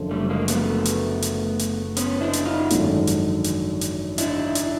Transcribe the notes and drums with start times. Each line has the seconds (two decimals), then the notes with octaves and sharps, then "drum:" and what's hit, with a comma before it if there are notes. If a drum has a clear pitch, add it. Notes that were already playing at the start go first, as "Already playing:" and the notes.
Already playing: F#1 F#2 D3 F3
0.11 G3 A3
0.30 G#3 A#3
0.48 A3 B3, drum: hi-hat
0.85 drum: hi-hat
1.22 drum: hi-hat
1.59 drum: hi-hat
1.97 B3 C#4, drum: hi-hat
2.21 D4 E4
2.33 drum: hi-hat
2.45 D#4 F4
2.70 G#1 F#2 D3 F3 G#3, drum: hi-hat
3.07 drum: hi-hat
3.44 drum: hi-hat
3.81 drum: hi-hat
4.18 D4 E4, drum: hi-hat
4.55 drum: hi-hat